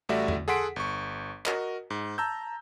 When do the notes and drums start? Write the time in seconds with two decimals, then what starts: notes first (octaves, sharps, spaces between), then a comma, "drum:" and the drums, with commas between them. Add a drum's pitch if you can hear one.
0.09 A1 G3 A3 F#4 D5 E5
0.28 drum: tom E2
0.48 G#4 A4 F#5 C6 B6 D7
0.76 G1 C#6
1.46 F#4 A#4 D#5, drum: clap
1.90 G#2
2.18 A5 A#5 E6 G6